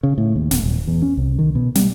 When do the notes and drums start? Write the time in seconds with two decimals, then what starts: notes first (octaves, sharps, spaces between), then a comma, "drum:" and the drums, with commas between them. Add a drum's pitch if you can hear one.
0.03 C#3
0.18 A2
0.36 D#2
0.51 D1, drum: snare
0.64 D#1
0.87 E2
1.02 C#4
1.17 C2
1.39 D#3
1.55 B2
1.75 G3, drum: snare